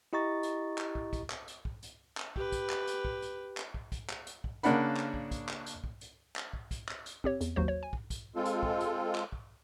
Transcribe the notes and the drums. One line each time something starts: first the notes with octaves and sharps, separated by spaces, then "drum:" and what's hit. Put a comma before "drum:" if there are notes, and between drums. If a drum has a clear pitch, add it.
E4 G4 D#5 A#5 C#6 A6
drum: hi-hat
drum: clap
drum: kick
drum: kick, hi-hat
drum: clap
drum: hi-hat
drum: kick
drum: hi-hat
drum: clap
G4 B4, drum: kick
drum: kick, hi-hat
drum: clap
drum: hi-hat
drum: kick
drum: hi-hat
drum: clap
drum: kick
drum: kick, hi-hat
drum: clap
drum: hi-hat
drum: kick
C#3 A#3 D4 D5 F#5 B5, drum: hi-hat
drum: clap
drum: kick
drum: kick, hi-hat
drum: clap
drum: hi-hat
drum: kick
drum: hi-hat
drum: clap
drum: kick
drum: kick, hi-hat
drum: clap
drum: hi-hat
C4 G4 C#5, drum: kick
E2, drum: hi-hat
G#1 D#2 F#3 F#4 C5
C#5
G#5
drum: kick
drum: kick, hi-hat
G#3 C4 F4 A4
drum: hi-hat
drum: kick
drum: hi-hat
drum: clap
drum: kick